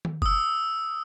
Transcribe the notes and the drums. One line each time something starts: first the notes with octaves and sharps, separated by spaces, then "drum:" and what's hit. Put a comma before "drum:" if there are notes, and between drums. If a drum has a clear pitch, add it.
drum: tom D#3
D#6 E6, drum: kick F#1